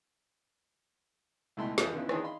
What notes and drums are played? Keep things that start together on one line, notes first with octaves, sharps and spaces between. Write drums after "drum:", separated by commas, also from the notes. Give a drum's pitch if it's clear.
C#2 B2 A3 E4 G5 C6
F2 E3 F4 E5 D#6 F6, drum: snare
D3 D#3 B3 C#4 E4 F4
D#3 E3 D4 E4 G#4 C#5, drum: rim click
D#5 F5 B5 C6